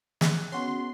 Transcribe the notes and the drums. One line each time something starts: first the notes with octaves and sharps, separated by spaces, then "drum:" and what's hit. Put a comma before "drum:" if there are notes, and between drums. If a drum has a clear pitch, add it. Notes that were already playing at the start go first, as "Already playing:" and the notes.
G#4 D#5 F#6, drum: snare
B3 C#4 F#4 C6